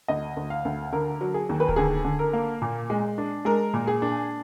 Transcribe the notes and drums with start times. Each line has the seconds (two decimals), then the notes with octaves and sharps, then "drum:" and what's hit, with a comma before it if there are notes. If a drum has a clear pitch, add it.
0.08 D2 D#5
0.36 D2
0.50 F5
0.65 D2
0.92 D3 A#4
1.21 F#3
1.34 G#4
1.49 D#2
1.60 B4
1.69 A#4, drum: kick D1
1.76 D3 G#4
2.04 D3
2.19 A#4
2.33 A#3
2.62 A#2
2.90 G#3
3.18 D4
3.45 G#3 A#4
3.74 A#2
3.87 G#4
4.02 D4